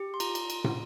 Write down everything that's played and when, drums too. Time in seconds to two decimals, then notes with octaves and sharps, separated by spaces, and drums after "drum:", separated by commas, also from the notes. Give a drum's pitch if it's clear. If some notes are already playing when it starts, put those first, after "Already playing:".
Already playing: G4
0.14 C6
0.20 F4 A#5, drum: cymbal
0.35 drum: cymbal
0.50 drum: cymbal
0.64 drum: tom